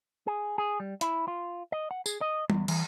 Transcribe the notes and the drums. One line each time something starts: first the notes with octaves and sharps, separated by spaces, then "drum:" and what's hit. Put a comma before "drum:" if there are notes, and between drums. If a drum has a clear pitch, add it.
G#4
G#4
G3
E4, drum: hi-hat
F4
D#5
F#5
G#4, drum: tambourine
D#5
E2, drum: tom G3
E3, drum: cymbal